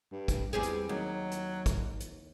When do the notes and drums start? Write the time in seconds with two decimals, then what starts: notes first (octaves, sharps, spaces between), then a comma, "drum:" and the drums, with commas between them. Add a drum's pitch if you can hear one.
0.11 G2
0.28 drum: kick, hi-hat
0.53 E2 G3 C4 G#4
0.63 drum: hi-hat
0.89 D#2 F#3
1.31 drum: hi-hat
1.66 drum: kick, hi-hat
2.00 drum: hi-hat